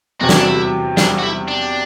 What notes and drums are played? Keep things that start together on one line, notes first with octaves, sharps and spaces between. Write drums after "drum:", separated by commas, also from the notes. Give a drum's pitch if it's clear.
E2 C3 F#3 F#4
E4, drum: snare
D4
E4
D4, drum: snare
F#4
E4
D4